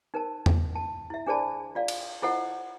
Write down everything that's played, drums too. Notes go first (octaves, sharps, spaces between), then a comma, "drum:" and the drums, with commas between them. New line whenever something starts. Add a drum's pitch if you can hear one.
D#4 A#4 C5 A5
drum: tom E2
A5
E4 E5
D4 G#4 C5 D5 A5 B5
F4 D5 F5
drum: cymbal
E4 F4 A4 C5 D#5 F#5